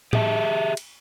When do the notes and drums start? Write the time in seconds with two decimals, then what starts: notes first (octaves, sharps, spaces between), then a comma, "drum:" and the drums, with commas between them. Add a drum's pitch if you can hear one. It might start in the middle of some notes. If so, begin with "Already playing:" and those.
0.13 G4 G#4 E5 A5, drum: tom A2
0.77 drum: cymbal